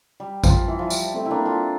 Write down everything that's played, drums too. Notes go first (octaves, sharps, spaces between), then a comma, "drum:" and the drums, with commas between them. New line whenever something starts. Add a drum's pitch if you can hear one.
G3
F3, drum: kick A1, tambourine
E3
F3
G3, drum: tambourine
A3 C4
E4
A#3 D4
F4 A4